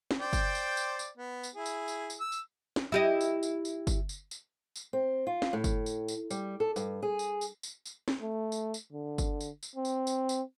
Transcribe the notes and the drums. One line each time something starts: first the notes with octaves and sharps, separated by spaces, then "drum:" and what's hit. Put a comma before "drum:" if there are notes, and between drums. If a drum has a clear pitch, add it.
drum: snare
C5 D5 G5
drum: kick G1, tambourine
drum: tambourine
drum: tambourine
drum: tambourine
B3
drum: tambourine
E4 G#4
drum: tambourine
drum: tambourine
drum: tambourine
E6
drum: tambourine
drum: snare
E4 G4 D#5
drum: tambourine
drum: tambourine
drum: tambourine
drum: kick G1, tambourine
drum: tambourine
drum: tambourine
drum: tambourine
C4
F4
drum: snare
A2
drum: kick G1, tambourine
drum: tambourine
drum: tambourine
G3, drum: tambourine
A4
G2, drum: tambourine
G#4
drum: tambourine
drum: tambourine
drum: tambourine
drum: tambourine
drum: snare
A3
drum: tambourine
drum: tambourine
D3
drum: kick G1, tambourine
drum: tambourine
drum: tambourine
C4
drum: tambourine
drum: tambourine
drum: tambourine